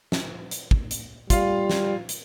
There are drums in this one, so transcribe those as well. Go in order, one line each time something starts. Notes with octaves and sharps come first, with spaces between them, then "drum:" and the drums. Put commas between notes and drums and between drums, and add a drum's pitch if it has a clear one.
drum: snare
drum: hi-hat
drum: kick
drum: hi-hat
G3 F4 F5, drum: kick, hi-hat
drum: snare
drum: hi-hat